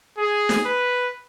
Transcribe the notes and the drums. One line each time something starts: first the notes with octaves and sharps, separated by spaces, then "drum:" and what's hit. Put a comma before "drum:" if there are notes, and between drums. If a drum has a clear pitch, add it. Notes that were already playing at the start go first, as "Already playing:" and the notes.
G#4
drum: snare
B4